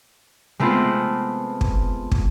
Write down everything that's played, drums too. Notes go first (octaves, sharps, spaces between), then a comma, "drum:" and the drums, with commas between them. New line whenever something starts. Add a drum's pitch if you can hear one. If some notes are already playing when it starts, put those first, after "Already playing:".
G#3 A3 B3 C4 F4
drum: kick
drum: kick